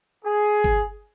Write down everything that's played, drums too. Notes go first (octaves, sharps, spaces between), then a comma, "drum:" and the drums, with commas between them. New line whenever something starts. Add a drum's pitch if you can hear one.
G#4
drum: kick G1